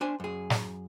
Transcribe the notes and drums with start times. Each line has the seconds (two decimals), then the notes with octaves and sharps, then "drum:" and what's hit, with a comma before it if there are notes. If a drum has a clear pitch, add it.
0.01 D4 C5 G#5
0.20 F#2 G#4
0.50 drum: snare